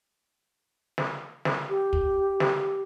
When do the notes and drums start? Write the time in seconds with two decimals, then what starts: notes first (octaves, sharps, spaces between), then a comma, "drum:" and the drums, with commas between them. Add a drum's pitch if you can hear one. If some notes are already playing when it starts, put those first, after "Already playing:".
0.98 drum: snare
1.45 drum: snare
1.69 G4
1.93 drum: kick
2.40 drum: snare